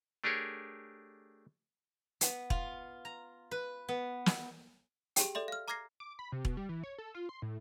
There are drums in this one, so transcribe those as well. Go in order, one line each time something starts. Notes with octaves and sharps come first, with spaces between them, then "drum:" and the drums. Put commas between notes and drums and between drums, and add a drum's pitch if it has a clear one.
A3 D4 G4 G#4 A#4 C#5
B3, drum: hi-hat
F4, drum: kick E1
A#5
B4
B3
drum: snare
G4 G#4 G5, drum: hi-hat
A4 D5 E5 C6
F5 F6
A#5 D6 F6 G#6 A#6 C7
D6
B5
C3
B2, drum: kick E1
G3
E3
C#5
A4
F4
C6
A2